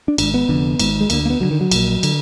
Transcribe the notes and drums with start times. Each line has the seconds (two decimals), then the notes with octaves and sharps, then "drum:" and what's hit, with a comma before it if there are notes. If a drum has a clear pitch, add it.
0.08 D4
0.18 G#1 G#2 D4, drum: cymbal
0.34 B3
0.48 F1 F2 D3
0.79 G#1 G#2, drum: cymbal
1.01 G#3
1.10 D2 D3 A#3, drum: cymbal
1.25 A#3
1.30 B3
1.40 D2 F#3
1.45 D3
1.51 D#3
1.61 F#3
1.71 A#1 A#2, drum: cymbal
2.03 D3, drum: cymbal